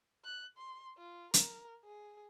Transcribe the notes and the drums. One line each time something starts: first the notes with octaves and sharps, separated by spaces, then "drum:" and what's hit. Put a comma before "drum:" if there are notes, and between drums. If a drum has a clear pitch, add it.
F#6
C6
F4
A#4, drum: hi-hat
G#4